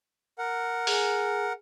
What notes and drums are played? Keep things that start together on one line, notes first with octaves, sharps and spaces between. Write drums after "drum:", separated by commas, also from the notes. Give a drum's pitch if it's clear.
A#4 F#5
G#4 G#5, drum: open hi-hat